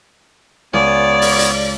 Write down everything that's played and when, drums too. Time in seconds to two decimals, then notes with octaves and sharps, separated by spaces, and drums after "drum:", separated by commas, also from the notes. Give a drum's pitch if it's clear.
0.73 C#2 B3 C#5 D5 G#5 D#7
1.22 drum: open hi-hat
1.39 drum: hi-hat